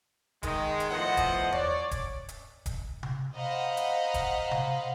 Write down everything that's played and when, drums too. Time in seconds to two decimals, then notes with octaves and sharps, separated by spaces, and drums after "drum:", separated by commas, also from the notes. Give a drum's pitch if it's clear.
0.43 D#3 G#3, drum: kick D#1, hi-hat
0.80 drum: hi-hat
0.91 A2 F3 B3 C5 D#5 F#5
1.17 drum: kick D#1, hi-hat
1.53 C#5 D5, drum: tom E2
1.91 drum: kick D#1, hi-hat
2.29 drum: hi-hat
2.66 drum: kick D#1, hi-hat
3.03 drum: tom C3
3.34 C5 D#5 F5 F#5 A#5 B5
3.77 drum: hi-hat
4.14 drum: kick D#1, hi-hat
4.51 drum: tom C3